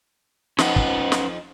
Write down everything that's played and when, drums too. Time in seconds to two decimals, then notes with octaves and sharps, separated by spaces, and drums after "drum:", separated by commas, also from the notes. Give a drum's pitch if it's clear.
0.58 F2 F3 C#4 D#4 B4 F#5, drum: snare
0.76 drum: kick
1.12 drum: snare